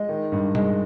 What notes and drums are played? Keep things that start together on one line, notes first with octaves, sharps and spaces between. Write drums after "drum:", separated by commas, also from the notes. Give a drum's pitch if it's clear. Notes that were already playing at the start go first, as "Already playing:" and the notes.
Already playing: G#3 D#5
D#3
G2
G#3, drum: tom B2